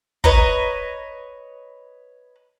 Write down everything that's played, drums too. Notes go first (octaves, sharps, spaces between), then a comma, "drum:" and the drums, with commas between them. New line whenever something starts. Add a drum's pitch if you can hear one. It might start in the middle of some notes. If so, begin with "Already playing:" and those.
B4 C#5 D#5 A#5, drum: kick